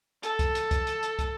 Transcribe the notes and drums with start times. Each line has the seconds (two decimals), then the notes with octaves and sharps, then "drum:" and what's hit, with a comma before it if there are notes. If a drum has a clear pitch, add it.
0.23 A4, drum: hi-hat
0.39 drum: kick, hi-hat
0.55 drum: hi-hat
0.71 drum: kick, hi-hat
0.87 drum: hi-hat
1.03 drum: hi-hat
1.19 drum: kick, hi-hat